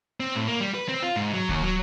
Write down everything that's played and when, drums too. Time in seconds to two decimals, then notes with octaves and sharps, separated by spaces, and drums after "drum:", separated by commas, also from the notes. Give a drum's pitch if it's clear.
0.20 C4
0.35 A2
0.48 A#3
0.61 G3
0.74 B4
0.89 C4
1.03 F4
1.16 G#2
1.33 F#3
1.49 D#2, drum: kick D1
1.63 F#3